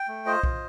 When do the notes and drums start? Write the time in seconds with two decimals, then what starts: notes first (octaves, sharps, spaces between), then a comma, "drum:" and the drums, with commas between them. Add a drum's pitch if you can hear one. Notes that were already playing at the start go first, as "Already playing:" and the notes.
Already playing: G5
0.08 A3
0.26 F4 C5 D#5
0.43 F4, drum: kick B1